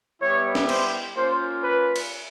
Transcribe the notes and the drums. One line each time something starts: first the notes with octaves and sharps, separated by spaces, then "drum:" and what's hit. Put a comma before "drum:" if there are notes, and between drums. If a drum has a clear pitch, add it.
G3 B3 E4 G4 C#5
drum: snare
C5, drum: cymbal
A#3 C#4 F4 C5
B4
drum: cymbal